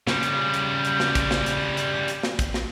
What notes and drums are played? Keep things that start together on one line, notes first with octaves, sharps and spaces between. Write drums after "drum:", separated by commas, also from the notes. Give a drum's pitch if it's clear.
C#3 G3, drum: snare
drum: hi-hat
drum: hi-hat
drum: hi-hat
drum: snare
drum: kick, hi-hat
drum: snare
drum: hi-hat
drum: hi-hat
drum: hi-hat
drum: snare
drum: kick, hi-hat
drum: snare